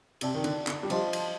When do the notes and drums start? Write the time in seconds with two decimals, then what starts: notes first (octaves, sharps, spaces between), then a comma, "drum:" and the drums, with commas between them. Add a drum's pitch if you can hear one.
0.21 C3 G4 D5 A5, drum: cymbal
0.35 D#3
0.44 D3, drum: cymbal
0.67 D3, drum: clap
0.83 G3
0.90 F3 G4 C5 D#5 A5 C6, drum: cymbal
1.13 drum: cymbal